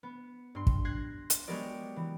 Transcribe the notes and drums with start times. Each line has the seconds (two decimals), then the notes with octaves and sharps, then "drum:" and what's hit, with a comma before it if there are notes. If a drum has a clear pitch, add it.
0.03 B3
0.55 G2 C6
0.67 drum: kick
0.85 F#6 G#6 A#6 C7
1.30 drum: hi-hat
1.48 F#3 G#3 B3 G4 A#4 D5
1.96 E3